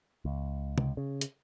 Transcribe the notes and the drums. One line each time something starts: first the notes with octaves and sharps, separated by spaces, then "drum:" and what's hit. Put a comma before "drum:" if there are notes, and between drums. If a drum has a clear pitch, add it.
C#2
C#2, drum: tom
C#3
drum: hi-hat